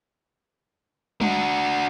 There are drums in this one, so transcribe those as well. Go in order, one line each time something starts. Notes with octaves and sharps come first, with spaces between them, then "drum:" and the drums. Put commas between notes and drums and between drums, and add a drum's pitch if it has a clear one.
D4 F#4, drum: tom G3